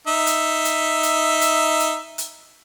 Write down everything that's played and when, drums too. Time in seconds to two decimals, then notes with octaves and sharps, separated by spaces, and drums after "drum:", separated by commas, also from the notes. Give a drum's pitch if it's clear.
0.07 D#4 E5
0.26 drum: hi-hat
0.65 drum: hi-hat
1.03 drum: hi-hat
1.41 drum: hi-hat
1.80 drum: hi-hat
2.18 drum: hi-hat